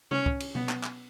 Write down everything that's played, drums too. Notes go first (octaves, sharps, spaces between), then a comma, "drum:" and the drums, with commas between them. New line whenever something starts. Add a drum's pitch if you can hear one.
C#4, drum: tom C3
drum: kick
drum: cymbal
B3, drum: tom B2
drum: clap
drum: clap